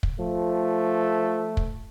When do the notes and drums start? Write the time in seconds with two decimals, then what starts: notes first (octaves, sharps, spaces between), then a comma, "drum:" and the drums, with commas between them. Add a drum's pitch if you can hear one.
0.03 drum: kick
0.20 F3 A3
1.57 drum: kick